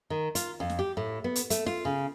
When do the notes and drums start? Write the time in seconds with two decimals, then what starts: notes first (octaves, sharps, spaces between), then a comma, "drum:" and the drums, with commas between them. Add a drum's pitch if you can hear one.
0.10 D#3
0.35 F4, drum: hi-hat
0.60 F2
0.70 drum: snare
0.79 G4
0.97 A2
1.24 B3
1.35 drum: hi-hat
1.50 A3, drum: hi-hat
1.66 F4, drum: snare
1.85 C#3